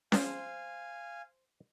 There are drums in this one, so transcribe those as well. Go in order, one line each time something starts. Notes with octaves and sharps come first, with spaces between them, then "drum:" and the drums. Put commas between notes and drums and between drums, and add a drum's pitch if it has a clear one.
F3 B3 C4 C5 F5 G#5, drum: snare C#4